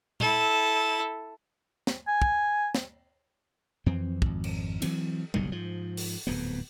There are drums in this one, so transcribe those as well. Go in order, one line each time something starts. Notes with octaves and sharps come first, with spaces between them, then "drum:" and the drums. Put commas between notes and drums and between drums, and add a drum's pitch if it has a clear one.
E4 A4, drum: tom A#2
drum: snare
G#5
drum: kick
drum: snare
F2 E3 C4
G#1 F2, drum: kick
drum: cymbal
E3 F#3 C4, drum: cymbal
F#1 B1 G2 D3, drum: tom G3
G#2 F3
drum: open hi-hat
D1 F2 G#2 B3